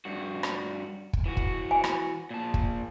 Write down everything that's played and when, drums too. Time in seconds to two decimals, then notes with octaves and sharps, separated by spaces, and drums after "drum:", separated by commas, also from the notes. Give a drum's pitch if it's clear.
0.05 G2 F#4
0.43 drum: rim click
1.13 drum: kick
1.26 E3 F#4
1.37 drum: kick
1.71 G#5
1.84 drum: rim click
2.30 A#2 A5
2.54 drum: kick